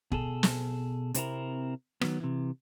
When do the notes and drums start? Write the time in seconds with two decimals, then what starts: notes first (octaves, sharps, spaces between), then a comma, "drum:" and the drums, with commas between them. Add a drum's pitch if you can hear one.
0.12 B2 G#4 A4, drum: kick
0.43 drum: snare
1.14 C3 C4 E4 A#4, drum: hi-hat
2.01 D#3 F#3 B3, drum: rim click
2.20 C3 E3